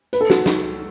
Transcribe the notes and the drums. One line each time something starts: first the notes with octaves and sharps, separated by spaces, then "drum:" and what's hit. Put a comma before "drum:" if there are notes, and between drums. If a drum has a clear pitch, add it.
B4, drum: hi-hat
A4
F#4, drum: snare
drum: snare